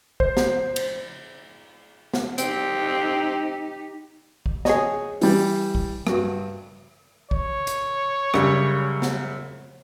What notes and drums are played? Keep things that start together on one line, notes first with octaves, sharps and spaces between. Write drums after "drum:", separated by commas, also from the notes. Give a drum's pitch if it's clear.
C5, drum: kick B1
drum: snare
drum: cymbal
drum: snare
C4 D#4 G4, drum: hi-hat
drum: kick B1
G#4 C#5 D#5, drum: snare
E3 G3, drum: open hi-hat
drum: kick B1
G2 F#4, drum: rim click
C#5, drum: kick B1
drum: hi-hat
F#2 C#3 G3, drum: rim click
drum: snare